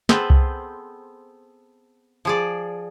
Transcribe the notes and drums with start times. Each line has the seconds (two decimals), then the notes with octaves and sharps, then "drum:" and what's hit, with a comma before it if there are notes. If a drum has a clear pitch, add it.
0.09 B3 C4 G#4 A4 B4 C5, drum: snare
0.30 drum: kick C2
2.25 F3 G#4 D5